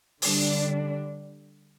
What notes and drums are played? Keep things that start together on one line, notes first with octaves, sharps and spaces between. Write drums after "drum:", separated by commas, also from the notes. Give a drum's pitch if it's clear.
D3 G3 D4, drum: open hi-hat